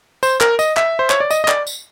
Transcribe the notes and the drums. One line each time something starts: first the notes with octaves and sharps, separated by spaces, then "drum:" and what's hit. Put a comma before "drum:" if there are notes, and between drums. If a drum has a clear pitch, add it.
C5, drum: tambourine
A#4, drum: clap
D#5, drum: tambourine
E5, drum: clap
C5
C#5, drum: clap
D5
D#5, drum: tambourine
D#5
D5, drum: clap
drum: tambourine